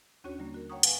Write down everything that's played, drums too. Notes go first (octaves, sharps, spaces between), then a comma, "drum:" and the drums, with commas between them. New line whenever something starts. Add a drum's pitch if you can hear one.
D#2 C#4 D4 F#4 C#5
D3 G3 A#3
F#4 A#4
C#5 F#5 G5 A#5 C#6 D#6
B4 F5 F#5 G#5, drum: hi-hat